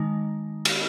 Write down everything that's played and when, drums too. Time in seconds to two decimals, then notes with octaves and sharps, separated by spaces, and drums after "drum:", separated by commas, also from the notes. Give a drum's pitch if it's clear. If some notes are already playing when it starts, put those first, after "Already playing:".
Already playing: D#3 G#3 D#4
0.65 drum: cymbal